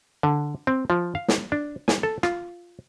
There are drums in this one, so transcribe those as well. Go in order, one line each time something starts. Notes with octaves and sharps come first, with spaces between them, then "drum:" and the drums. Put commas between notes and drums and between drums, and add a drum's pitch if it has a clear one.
D3
C4
F3
F5
drum: snare
D4
G#5, drum: snare
A4
F4, drum: rim click